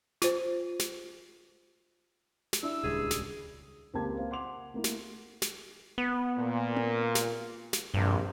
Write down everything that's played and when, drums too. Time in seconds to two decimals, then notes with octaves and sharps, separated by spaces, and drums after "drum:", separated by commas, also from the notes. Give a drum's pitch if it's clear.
0.22 F4 C5, drum: snare
0.79 drum: snare
2.53 drum: snare
2.63 D4 E4 E6
2.84 D#1 C#2 G3 G#4
3.11 drum: snare
3.94 C#2 A#3 C4 G4 A5 G#6
4.18 A#3 C5 F5
4.31 F#5 C6 D6 F7
4.74 A3 A#3 E4
4.84 drum: snare
5.42 drum: snare
5.98 B3
6.38 A#2
6.77 drum: tom B3
7.15 drum: snare
7.73 drum: snare
7.94 A#1 G2 C3